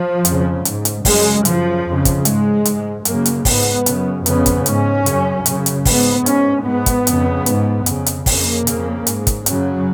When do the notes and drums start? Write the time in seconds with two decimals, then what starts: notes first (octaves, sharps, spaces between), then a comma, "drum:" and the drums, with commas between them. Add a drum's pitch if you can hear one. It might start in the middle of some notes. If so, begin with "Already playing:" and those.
Already playing: F3
0.25 F2 C#3, drum: hi-hat
0.65 G#2, drum: hi-hat
0.85 drum: hi-hat
1.05 F#2 C#3 G#3, drum: kick, open hi-hat
1.45 F#2 C#3 F3, drum: hi-hat
1.85 F2 C#3
2.05 drum: kick, hi-hat
2.25 G#2 G#3, drum: hi-hat
2.65 G#2, drum: hi-hat
3.05 F#2 C#3 A#3, drum: hi-hat
3.26 drum: hi-hat
3.45 G#2 B3, drum: kick, open hi-hat
3.86 F#2 C#3, drum: hi-hat
4.26 F2 C#3 B3, drum: hi-hat
4.46 drum: kick, hi-hat
4.66 G#2 C#4, drum: hi-hat
5.06 F#2 C#3, drum: hi-hat
5.46 F#2 C#3, drum: hi-hat
5.66 drum: hi-hat
5.85 G#2 B3, drum: kick, open hi-hat
6.26 G#2 C#4, drum: hi-hat
6.66 G#2 B3
6.86 drum: kick, hi-hat
7.07 F2 C#3, drum: hi-hat
7.46 G#2, drum: hi-hat
7.86 F2 C#3, drum: hi-hat
8.06 drum: hi-hat
8.26 F2 C#3 A#3, drum: kick, open hi-hat
8.67 F2 C#3, drum: hi-hat
9.07 G#2, drum: hi-hat
9.27 drum: kick, hi-hat
9.46 F#2 C#3 F#3, drum: hi-hat